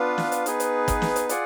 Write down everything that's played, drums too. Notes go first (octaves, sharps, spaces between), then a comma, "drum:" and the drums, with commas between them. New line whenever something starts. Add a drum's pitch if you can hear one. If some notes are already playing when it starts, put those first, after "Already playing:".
Already playing: B3 D4 F4 B4 F5
drum: snare
drum: hi-hat
B3 D#4 G#4 B4, drum: hi-hat
drum: hi-hat
drum: kick, hi-hat
drum: snare
drum: hi-hat
F4 G#4 D5 F#5, drum: hi-hat